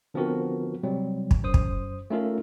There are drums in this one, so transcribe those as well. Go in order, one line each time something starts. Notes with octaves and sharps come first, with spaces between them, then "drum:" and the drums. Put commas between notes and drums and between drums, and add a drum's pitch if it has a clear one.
D3 F3 B3 C4 F#4 A#4
C3 F#3 G3 C4
drum: kick
F#2 C5 D#6
drum: kick
A3 C#4 D#4 F4 A4 A#4